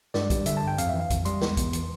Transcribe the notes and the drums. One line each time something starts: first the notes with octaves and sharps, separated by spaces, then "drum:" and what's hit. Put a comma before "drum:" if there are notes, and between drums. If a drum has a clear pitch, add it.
G2 D5, drum: snare
G3, drum: kick, hi-hat
D3 E5, drum: hi-hat
A5
G2 G5
F2 F5, drum: hi-hat
E3 E5
F5
F2, drum: kick, hi-hat
G3 C6, drum: hi-hat
E2, drum: snare
E2, drum: kick, hi-hat
E3, drum: hi-hat